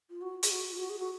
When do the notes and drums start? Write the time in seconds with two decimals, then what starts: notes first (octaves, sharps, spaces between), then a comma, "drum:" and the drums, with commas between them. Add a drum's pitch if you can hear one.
0.10 F4
0.21 F#4
0.43 G#4, drum: hi-hat
0.51 F#4
0.72 F4
0.78 F#4
0.90 G#4
0.99 F#4